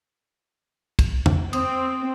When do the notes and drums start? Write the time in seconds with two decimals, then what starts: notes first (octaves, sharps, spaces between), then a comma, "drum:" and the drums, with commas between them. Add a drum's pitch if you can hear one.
0.99 drum: kick, cymbal
1.26 drum: tom
1.53 C4 D#6, drum: cymbal